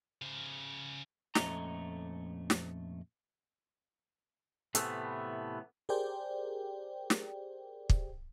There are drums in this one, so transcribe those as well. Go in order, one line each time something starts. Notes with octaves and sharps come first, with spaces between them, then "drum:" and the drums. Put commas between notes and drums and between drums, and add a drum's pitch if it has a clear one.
C#3 C5
F2 A#2 A3 C#4 D#5 A#5, drum: snare
drum: snare
A2 C3 E3 A3 B3, drum: hi-hat
G4 G#4 A#4 C5 D5 G5
drum: snare
drum: kick